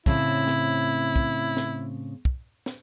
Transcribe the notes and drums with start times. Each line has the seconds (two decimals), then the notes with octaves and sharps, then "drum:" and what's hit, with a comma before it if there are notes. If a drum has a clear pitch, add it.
0.06 A2 C#3 C4 E4, drum: kick
0.47 drum: snare
1.16 drum: kick
1.57 drum: snare
2.25 drum: kick
2.66 drum: snare